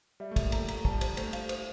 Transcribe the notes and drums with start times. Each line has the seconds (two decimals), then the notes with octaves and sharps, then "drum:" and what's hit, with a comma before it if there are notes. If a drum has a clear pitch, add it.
0.20 G3 E5
0.31 A3
0.36 E5, drum: kick, cymbal
0.43 A#3
0.52 A3 A#5, drum: cymbal
0.68 A#5, drum: cymbal
0.74 A3
0.85 G3 A5, drum: kick
1.01 C5, drum: cymbal
1.17 A3 C5, drum: cymbal
1.33 F5, drum: cymbal
1.49 C5, drum: cymbal